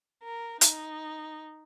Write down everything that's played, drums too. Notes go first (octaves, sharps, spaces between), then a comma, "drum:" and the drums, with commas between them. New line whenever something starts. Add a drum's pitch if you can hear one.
A#4
D#4, drum: hi-hat